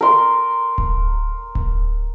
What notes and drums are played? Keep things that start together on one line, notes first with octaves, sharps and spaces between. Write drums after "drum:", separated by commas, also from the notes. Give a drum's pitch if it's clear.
A#4 C6
drum: kick D1
drum: kick D1